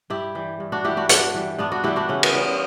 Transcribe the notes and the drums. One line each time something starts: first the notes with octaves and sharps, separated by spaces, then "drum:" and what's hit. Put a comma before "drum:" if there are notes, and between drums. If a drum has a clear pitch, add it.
G2 E4 G4
E3 G3
G2
D4 F#4
E3 G3 E4 G4
D4 F#4
G2 D4 F#4, drum: hi-hat
E3 G3
G2 B3 D4
D4 F#4
E3 G3 E4 G4
D4 F#4
C#3 C#4 E4
drum: cymbal
E3 G3